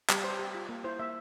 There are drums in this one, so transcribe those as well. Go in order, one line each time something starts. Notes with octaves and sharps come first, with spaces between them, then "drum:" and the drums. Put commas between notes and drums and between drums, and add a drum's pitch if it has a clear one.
G3, drum: clap
G4 C5
G4
F4
A#3
E4 C5
A#3 E5